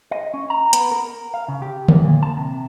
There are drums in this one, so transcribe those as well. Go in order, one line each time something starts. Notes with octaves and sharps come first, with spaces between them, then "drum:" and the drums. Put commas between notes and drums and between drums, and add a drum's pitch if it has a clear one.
D#5
C#4
A#5
B3, drum: hi-hat
A#4
F5
C#3
G4
E2, drum: tom D3
A#2
A5
C3